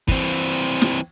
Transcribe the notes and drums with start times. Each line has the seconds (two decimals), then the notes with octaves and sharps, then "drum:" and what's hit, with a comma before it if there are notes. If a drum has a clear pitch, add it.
0.08 E3 C4, drum: kick
0.81 drum: snare